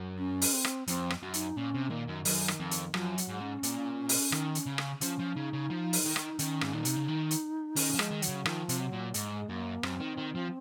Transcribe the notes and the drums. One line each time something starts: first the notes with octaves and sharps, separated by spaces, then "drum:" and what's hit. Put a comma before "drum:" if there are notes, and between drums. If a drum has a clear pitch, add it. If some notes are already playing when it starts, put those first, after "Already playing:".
Already playing: F#2
C#4
drum: open hi-hat
C4
drum: rim click
F2 C4, drum: hi-hat
drum: rim click
F#2
D#4, drum: hi-hat
A#2 C#4
C3
A#2 D#3
F#2
F#2, drum: open hi-hat
drum: rim click
F2
drum: hi-hat
F#2 F3, drum: rim click
F#3, drum: hi-hat
G#2
C#4
A#2, drum: hi-hat
drum: open hi-hat
D#3, drum: rim click
drum: hi-hat
C#3
drum: rim click
F3 C#4, drum: hi-hat
F3
C#3 D#4
C#3
F3
drum: open hi-hat
D#3
drum: rim click
D#3 C#4, drum: hi-hat
G#2, drum: rim click
A#2 D#4
C3, drum: hi-hat
C#3
D#3
drum: hi-hat
D#3 C#4, drum: open hi-hat
F3
G#3, drum: rim click
D#3
F#3, drum: hi-hat
C#3
D#3 F3, drum: rim click
C3, drum: hi-hat
F#3
A#2
G#2 G#3, drum: hi-hat
F#2 A#3
F#2 C4, drum: rim click
D#3
D#3
F3